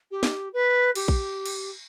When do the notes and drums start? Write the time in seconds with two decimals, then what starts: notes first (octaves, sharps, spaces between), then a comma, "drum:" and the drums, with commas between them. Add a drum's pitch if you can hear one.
0.11 G4
0.23 drum: snare
0.53 B4
0.95 G4, drum: cymbal
1.08 drum: kick A#1
1.46 drum: cymbal